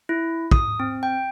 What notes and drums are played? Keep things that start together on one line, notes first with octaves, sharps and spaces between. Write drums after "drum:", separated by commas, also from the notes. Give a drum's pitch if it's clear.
E4
D#6, drum: kick
C4
G5